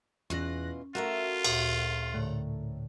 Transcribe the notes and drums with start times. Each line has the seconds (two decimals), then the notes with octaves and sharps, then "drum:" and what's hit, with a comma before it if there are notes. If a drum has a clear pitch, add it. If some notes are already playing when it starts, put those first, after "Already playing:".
0.30 E2 B2 E3 C#4 F4 F#6 A#6
0.95 A3 F4 F#4 A#4 E5
1.44 D2 A#2, drum: cymbal
2.14 A2 D3